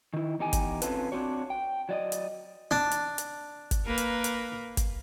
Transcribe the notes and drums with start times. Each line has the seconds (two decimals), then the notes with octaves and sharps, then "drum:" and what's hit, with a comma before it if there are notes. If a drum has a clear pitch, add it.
0.14 D#3 E4
0.39 E2 D#4 G4 G#5
0.53 drum: kick, hi-hat
0.82 C4 C#4 F4 A4 B4, drum: hi-hat
1.12 C4 D4 F#4 C#5
1.50 G5
1.89 F#3 D5 D#5
2.12 drum: hi-hat
2.71 D4
2.91 drum: hi-hat
3.18 drum: hi-hat
3.71 drum: kick, hi-hat
3.86 A#3 A#4 B4
3.98 drum: hi-hat
4.24 drum: hi-hat
4.77 drum: kick, hi-hat